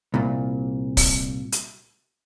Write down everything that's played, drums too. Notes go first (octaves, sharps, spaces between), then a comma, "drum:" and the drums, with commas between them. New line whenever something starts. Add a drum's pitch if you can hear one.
C2 A#2
drum: kick, open hi-hat
drum: hi-hat